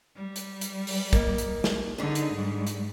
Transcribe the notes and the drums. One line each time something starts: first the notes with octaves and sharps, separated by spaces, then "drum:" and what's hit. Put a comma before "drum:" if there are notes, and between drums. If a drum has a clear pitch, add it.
G3
drum: hi-hat
drum: hi-hat
drum: open hi-hat
A#3 D#4, drum: kick, hi-hat
drum: hi-hat
drum: snare
D3 D4 D#4 G#4
drum: hi-hat
G#2 G3
drum: hi-hat